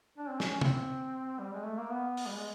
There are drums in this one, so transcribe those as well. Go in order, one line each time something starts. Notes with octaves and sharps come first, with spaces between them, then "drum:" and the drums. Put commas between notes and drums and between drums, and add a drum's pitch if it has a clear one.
D4
C4
C#4, drum: snare
C#4
C4, drum: tom
G3
G#3
A3
A#3
B3
drum: open hi-hat
G3
G#3